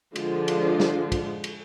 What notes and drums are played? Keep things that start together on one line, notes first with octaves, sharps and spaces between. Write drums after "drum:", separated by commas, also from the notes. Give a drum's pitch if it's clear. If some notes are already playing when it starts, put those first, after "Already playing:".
D3 F3 G#3 D4 F4, drum: cymbal
drum: cymbal
drum: snare
drum: kick, cymbal
drum: cymbal